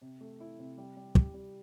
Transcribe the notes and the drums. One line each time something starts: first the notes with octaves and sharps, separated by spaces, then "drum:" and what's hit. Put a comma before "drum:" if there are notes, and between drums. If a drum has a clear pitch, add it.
C3
A3
E4
C3
G3
G3
G4, drum: kick
G3